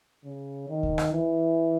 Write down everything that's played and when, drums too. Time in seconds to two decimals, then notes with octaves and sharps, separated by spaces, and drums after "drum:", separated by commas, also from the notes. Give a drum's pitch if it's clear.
0.25 C#3
0.68 D#3
0.83 drum: kick D2
0.98 drum: rim click
1.12 E3